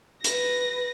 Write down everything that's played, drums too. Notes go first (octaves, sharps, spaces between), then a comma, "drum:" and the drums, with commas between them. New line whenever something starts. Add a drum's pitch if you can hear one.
B4 A#6, drum: hi-hat